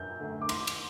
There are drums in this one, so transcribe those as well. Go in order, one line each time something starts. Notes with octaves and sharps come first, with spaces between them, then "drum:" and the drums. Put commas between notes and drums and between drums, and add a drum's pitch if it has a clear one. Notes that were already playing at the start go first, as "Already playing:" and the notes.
Already playing: F#2 G6
D3 A3
D6
D#3 C6, drum: cymbal
drum: cymbal